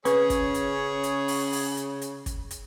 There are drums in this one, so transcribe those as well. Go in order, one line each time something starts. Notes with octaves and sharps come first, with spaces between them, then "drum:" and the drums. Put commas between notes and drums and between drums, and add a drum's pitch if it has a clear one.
C#3 C#4 G#4 B4 C#5, drum: hi-hat
drum: kick, hi-hat
drum: hi-hat
drum: hi-hat
drum: open hi-hat
drum: open hi-hat
drum: hi-hat
drum: hi-hat
drum: kick, hi-hat
drum: hi-hat